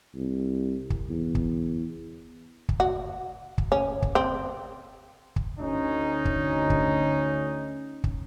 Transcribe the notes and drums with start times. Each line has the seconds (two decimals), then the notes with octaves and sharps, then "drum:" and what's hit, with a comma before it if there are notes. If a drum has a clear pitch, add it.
0.15 C2
0.90 drum: kick
1.10 E2
1.35 drum: kick
2.69 drum: kick
2.80 F#4
3.58 drum: kick
3.72 C#4
4.02 drum: kick
4.15 C4
5.36 drum: kick
5.58 D2 C#4 D#4
6.25 drum: kick
6.70 drum: kick
8.04 drum: kick